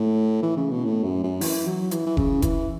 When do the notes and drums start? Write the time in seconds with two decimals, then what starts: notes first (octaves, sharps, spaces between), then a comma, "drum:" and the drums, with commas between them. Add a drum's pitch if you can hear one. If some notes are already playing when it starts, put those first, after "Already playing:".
Already playing: A2
0.42 E3
0.57 C#3
0.71 B2
0.85 A2
1.03 F#2
1.23 F#2
1.41 E3, drum: open hi-hat
1.66 F#3
1.91 E3, drum: hi-hat
2.06 E3
2.17 C#3, drum: kick F1
2.42 E3, drum: kick F1, hi-hat